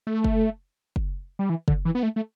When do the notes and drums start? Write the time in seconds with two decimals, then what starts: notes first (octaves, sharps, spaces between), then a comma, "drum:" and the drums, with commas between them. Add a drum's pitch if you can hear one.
0.07 A3
0.24 drum: kick F#1
0.96 drum: kick F#1
1.39 G3
1.50 E3
1.68 D3, drum: kick F#1
1.85 E3
1.95 B3
2.03 A3
2.16 A3